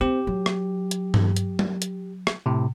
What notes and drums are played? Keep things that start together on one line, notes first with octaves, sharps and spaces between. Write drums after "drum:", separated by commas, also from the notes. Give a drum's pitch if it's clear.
C4 G4
F#3
drum: rim click
drum: hi-hat
drum: tom G2
drum: hi-hat
drum: tom F#3
drum: hi-hat
drum: rim click
A2 C3